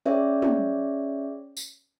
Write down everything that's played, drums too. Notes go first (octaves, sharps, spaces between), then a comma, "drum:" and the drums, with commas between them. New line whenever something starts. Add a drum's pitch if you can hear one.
C#4 G#4 C#5 D5 E5
drum: tom
drum: tambourine